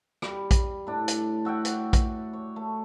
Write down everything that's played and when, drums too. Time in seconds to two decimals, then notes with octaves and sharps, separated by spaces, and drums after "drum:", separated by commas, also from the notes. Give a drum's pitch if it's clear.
0.22 G3, drum: rim click
0.51 drum: kick A#1, hi-hat
0.87 A2 D4
1.08 drum: hi-hat
1.45 F#4 E5 F#5 G5
1.65 drum: hi-hat
1.93 drum: kick A#1, hi-hat
2.33 C#5
2.56 A3